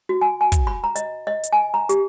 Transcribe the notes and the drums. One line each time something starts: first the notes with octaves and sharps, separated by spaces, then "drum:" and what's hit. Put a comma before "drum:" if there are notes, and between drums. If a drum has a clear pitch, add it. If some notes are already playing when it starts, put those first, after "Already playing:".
F#4
G#5
G#5
drum: kick, hi-hat
B5
A#5
D#5, drum: hi-hat
D#5
drum: hi-hat
G#5
A#5
G4, drum: hi-hat